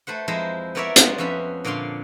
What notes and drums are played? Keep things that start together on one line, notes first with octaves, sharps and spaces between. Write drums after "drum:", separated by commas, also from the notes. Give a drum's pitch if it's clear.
A3 B4 C5 F#5
F2 G#3 E4 C5 A#5
B3 E4 A#4 C#5 D5 E5
G#3 B3 F4, drum: hi-hat
F2 C#4 E5 B5
A#2 D3 C#5 F5 C6